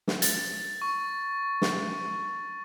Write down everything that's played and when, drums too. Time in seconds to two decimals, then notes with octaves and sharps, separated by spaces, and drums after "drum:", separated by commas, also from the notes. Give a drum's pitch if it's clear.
0.08 drum: snare
0.22 A6, drum: hi-hat
0.82 C#6
1.62 drum: snare